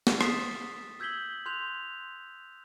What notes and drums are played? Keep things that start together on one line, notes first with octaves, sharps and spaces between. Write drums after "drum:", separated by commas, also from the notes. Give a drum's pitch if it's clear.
drum: snare
D#6 A6 B6 E7, drum: rim click
E6 G6 G#6 B6 F#7 G7
C6 F#6 G6 F7